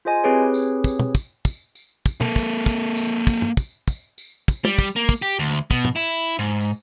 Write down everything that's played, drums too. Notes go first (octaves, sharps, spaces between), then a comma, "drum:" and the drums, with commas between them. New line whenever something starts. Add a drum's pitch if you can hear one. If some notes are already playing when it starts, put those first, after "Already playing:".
F4 G#4 C5 D#5 G#5
C4 E4 G4 G#4 B4 C#5
drum: tambourine
drum: kick, tambourine
drum: tom
drum: kick, tambourine
drum: kick, tambourine
drum: tambourine
drum: kick, tambourine
A#3 A4, drum: tom
drum: kick, tambourine
drum: kick, tambourine
drum: tambourine
drum: kick, tambourine
drum: tom
drum: kick, tambourine
drum: kick, tambourine
drum: tambourine
drum: kick, tambourine
G3, drum: tom
drum: kick, tambourine
A#3
drum: kick, tambourine
G4
D2, drum: tambourine
B2, drum: kick, tambourine
drum: tom
E4
G#2
drum: tambourine